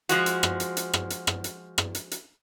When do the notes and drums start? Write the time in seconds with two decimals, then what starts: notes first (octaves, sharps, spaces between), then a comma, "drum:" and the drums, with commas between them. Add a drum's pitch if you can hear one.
0.09 F3 G#3 F#4, drum: hi-hat
0.26 drum: hi-hat
0.43 drum: rim click
0.60 drum: hi-hat
0.77 drum: hi-hat
0.93 drum: rim click
1.10 drum: hi-hat
1.27 drum: rim click
1.44 drum: hi-hat
1.78 drum: rim click
1.95 drum: hi-hat
2.11 drum: hi-hat